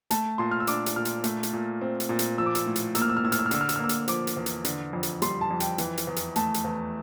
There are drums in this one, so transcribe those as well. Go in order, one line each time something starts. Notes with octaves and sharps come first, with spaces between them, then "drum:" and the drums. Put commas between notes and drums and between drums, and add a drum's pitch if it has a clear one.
A3 A5, drum: hi-hat
A#2 C6
F6
E6
D4 D6, drum: hi-hat
drum: hi-hat
A#2 F6
drum: hi-hat
A3, drum: hi-hat
drum: hi-hat
A#2
C4
drum: hi-hat
A#2
drum: hi-hat
F3 E6
D6
E6, drum: hi-hat
A2
drum: hi-hat
A#3 E6, drum: hi-hat
F6
E6
F6
A2 E6
F6, drum: hi-hat
E6
F6
D3 E6, drum: hi-hat
F6
E6, drum: hi-hat
F6
A#3 E6
drum: hi-hat
F3 D6, drum: hi-hat
drum: hi-hat
E2
drum: hi-hat
D3, drum: hi-hat
F2
drum: hi-hat
G3 C6, drum: hi-hat
A5
F2
G5, drum: hi-hat
E3, drum: hi-hat
drum: hi-hat
E2
drum: hi-hat
A3 A5, drum: hi-hat
drum: hi-hat
E2